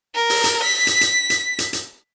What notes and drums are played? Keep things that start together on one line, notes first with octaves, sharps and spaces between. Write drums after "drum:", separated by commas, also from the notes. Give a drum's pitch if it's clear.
A#4
drum: open hi-hat
drum: hi-hat
B6
drum: hi-hat
drum: hi-hat
drum: hi-hat
drum: hi-hat
drum: hi-hat